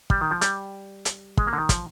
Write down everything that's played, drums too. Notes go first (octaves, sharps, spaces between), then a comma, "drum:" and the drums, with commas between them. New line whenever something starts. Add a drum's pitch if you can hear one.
G3, drum: kick
D#3
F3
G3, drum: hi-hat
drum: hi-hat
G#3, drum: kick
A#3
D3
D#3
F3, drum: kick, hi-hat